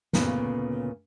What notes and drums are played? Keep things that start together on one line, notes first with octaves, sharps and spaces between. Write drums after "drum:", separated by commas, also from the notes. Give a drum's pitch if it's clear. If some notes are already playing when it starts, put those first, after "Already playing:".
D2 A#2 C#3 B3 C#4, drum: snare